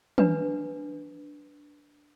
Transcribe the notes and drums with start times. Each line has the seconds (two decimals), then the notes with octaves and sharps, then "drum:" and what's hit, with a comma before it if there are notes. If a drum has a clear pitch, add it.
0.18 D4 B4, drum: tom